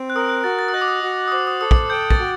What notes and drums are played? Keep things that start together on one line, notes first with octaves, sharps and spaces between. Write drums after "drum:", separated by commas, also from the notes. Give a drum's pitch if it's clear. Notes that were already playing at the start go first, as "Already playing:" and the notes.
Already playing: C4
F#6
A#4 D#6
F#6
F#4 A6
A6
D#6
D#5 F#6
D6
D#6
F#4
D#6
C5 D6
D#6
A4 D#6
drum: kick
G5 G6
A6, drum: kick
F#4